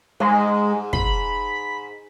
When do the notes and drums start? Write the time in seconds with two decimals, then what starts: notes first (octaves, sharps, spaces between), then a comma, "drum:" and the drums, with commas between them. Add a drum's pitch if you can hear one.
0.20 G#2 G#3
0.93 B5, drum: kick